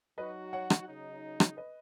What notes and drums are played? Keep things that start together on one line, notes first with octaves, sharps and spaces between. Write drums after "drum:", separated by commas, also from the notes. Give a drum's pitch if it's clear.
F#3 D#4 F#4 B4 D#5
C#5 F#5
drum: rim click
C#3 F#3 D#4
drum: rim click
B4 D#5